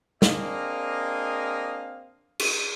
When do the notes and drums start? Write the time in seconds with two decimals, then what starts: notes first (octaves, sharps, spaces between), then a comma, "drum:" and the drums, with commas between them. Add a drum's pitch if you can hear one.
0.22 A#3 C4 D4 G#4 D#5 F5, drum: snare
2.40 drum: cymbal